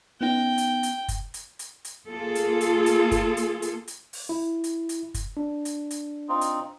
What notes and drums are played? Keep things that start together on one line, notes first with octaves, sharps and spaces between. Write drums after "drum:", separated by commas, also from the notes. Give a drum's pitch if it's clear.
B3 C#4 D#4 G5
drum: hi-hat
drum: hi-hat
drum: kick, hi-hat
drum: hi-hat
drum: hi-hat
drum: hi-hat
A#3 F4 G#4 A4
drum: hi-hat
drum: hi-hat
drum: hi-hat
drum: kick, hi-hat
drum: hi-hat
drum: hi-hat
drum: hi-hat
drum: open hi-hat
E4
drum: hi-hat
drum: hi-hat
drum: kick, hi-hat
D4
drum: hi-hat
drum: hi-hat
C4 D#4 F4
drum: hi-hat